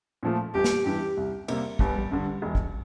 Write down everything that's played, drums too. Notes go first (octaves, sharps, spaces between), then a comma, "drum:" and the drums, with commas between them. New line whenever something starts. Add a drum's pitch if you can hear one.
A#2 F3 A3
G1 G4
drum: snare
G2 E3 G4
C2
C3 G3 A#3, drum: cymbal
G1 G3, drum: kick
G2 D3
E1
drum: kick